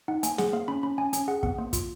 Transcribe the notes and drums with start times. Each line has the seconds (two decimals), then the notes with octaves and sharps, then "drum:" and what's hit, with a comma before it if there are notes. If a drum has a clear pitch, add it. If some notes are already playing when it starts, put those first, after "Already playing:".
0.08 D#4 F#5
0.23 A#3 G#5, drum: hi-hat
0.38 G#4 F#5, drum: snare
0.53 A#3 F5
0.68 C#4 B5
0.83 C#4 B5
0.98 C#4 G#5
1.13 C#4 G#5, drum: hi-hat
1.28 G#4 F#5
1.43 B3 F#5, drum: kick
1.58 A#3
1.73 F4, drum: kick, hi-hat